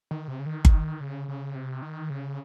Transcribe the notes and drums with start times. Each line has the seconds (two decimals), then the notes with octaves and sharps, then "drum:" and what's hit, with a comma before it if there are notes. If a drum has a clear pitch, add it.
0.11 D#3
0.28 C3
0.39 C#3
0.46 D#3
0.65 drum: kick G1
1.00 C#3
1.28 C#3
1.55 C3
1.82 D#3
2.10 C#3